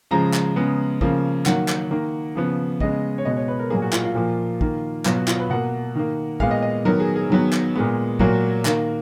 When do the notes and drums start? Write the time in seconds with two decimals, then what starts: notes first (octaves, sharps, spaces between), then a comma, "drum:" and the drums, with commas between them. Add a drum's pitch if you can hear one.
0.11 C#3 F3 G#3 A#5
0.33 drum: clap
0.56 C#3 G#3 B3
1.01 C#3 F3 A#3, drum: kick
1.46 D#3 F#3 A#3 F#5, drum: clap
1.68 drum: clap
1.91 D#3 A#3
2.36 C#3 F3 B3
2.80 C#3 G#3 B3 D#5, drum: kick
3.18 C#5
3.25 B2 G#3 B3 D#5
3.37 C#5
3.48 B4
3.59 A#4
3.70 A#2 F#3 A#3 G#4
3.82 F#4
3.93 F4, drum: clap
4.04 F4
4.15 A#2 F3 A#3
4.61 D#3 A#3, drum: kick
5.05 B2 F#3 B3 F4, drum: clap
5.17 F#4
5.28 F4, drum: clap
5.39 B4
5.50 B2 A#3 F#5
5.95 D#3 A#3
6.40 A#2 G#3 B3 F5, drum: kick
6.51 D#5
6.62 D#5
6.85 D#3 F#3 B3 A#4
7.00 G#4
7.16 G#4
7.30 D#3 F#3 B3
7.53 drum: clap
7.76 A#2 G#3 B3
8.19 A#2 F#3 A#3 F#4, drum: kick
8.65 D#3 A#3, drum: clap